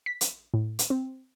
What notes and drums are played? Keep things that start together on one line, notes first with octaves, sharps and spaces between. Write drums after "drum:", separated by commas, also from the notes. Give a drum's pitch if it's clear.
B6
drum: hi-hat
A2
drum: hi-hat
C4